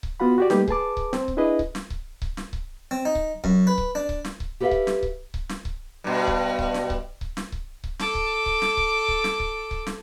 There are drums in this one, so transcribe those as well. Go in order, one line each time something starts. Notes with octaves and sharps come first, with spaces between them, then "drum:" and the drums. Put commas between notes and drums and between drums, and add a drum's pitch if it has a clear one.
drum: kick C#1
B3 F4 F#4 F#5 B5
F#4 G4 D5
G3 A3 A#3 D#4 G4 B4, drum: snare
G#4 B4 A5 D6, drum: kick C#1
drum: kick C#1
C4, drum: snare
drum: kick C#1
D4 E4 G#4 B4 D#5
drum: kick C#1
drum: snare
drum: kick C#1
drum: kick C#1
drum: snare
drum: kick C#1
C4
D#4
drum: kick C#1
F#2, drum: kick C#1
B4
drum: kick C#1
D4
drum: kick C#1
drum: snare
drum: kick C#1
G4 A4 B4 D5 E5 F5
drum: kick C#1
drum: snare
drum: kick C#1
drum: kick C#1
drum: snare
drum: kick C#1
G2 B2
drum: kick C#1
drum: kick C#1
drum: snare
drum: kick C#1
drum: kick C#1
drum: snare
drum: kick C#1
drum: kick C#1
A4 D6, drum: snare
drum: kick C#1
drum: kick C#1
drum: snare
drum: kick C#1
drum: kick C#1
drum: snare
drum: kick C#1
drum: kick C#1
drum: snare